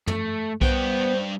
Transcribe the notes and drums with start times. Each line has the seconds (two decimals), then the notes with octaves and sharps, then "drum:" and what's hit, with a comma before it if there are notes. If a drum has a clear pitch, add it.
0.07 A3, drum: tom
0.61 G2 B3 C5 G5, drum: kick B1